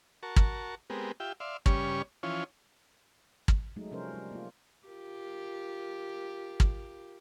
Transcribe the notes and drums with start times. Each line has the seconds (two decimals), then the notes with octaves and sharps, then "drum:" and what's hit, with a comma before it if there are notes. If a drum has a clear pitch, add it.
0.23 F#4 A#4 A5 C#6
0.36 drum: kick
0.90 G#3 B3 C4 G4 A#4
1.20 F4 G4 E5 G5
1.40 D5 E5 F5 C6
1.66 G2 C#3 G3 C#4 C#5 C#6, drum: kick
2.23 E3 F3 C#4 F4 C#5
3.48 drum: kick
3.76 F#3 G#3 A3 D#4
3.91 C3 F3 G3 C#4 A#4 C5
4.14 G3
4.31 A#3 F4
4.86 F4 G4 A#4
6.60 drum: kick